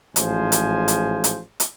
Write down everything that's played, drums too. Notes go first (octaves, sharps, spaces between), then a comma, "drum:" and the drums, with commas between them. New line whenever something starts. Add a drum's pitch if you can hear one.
A1 G#2 F3 G#4 C5 G#5, drum: hi-hat
drum: hi-hat
drum: hi-hat
drum: hi-hat
drum: hi-hat